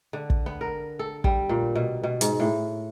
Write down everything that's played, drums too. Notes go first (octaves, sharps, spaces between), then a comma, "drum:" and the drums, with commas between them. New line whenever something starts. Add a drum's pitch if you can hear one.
D3
drum: kick
B3
A#4
A4
G3, drum: kick
A#2
B2
B2
G#2, drum: hi-hat
A2